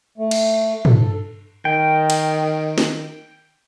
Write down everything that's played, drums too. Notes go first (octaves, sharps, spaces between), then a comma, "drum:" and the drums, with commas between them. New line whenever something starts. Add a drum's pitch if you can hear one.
A3
drum: cymbal
A4, drum: tom
D#3 G5
drum: cymbal
drum: snare